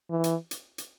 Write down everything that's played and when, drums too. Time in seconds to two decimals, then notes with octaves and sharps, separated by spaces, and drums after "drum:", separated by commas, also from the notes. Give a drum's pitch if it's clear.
0.10 E3
0.24 drum: hi-hat
0.51 drum: hi-hat
0.78 drum: hi-hat